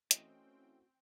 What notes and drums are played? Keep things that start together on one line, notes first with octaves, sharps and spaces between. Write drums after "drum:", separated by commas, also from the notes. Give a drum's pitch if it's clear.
E3 A3 C4 C#4 F#4 A#4 D#5 G5, drum: hi-hat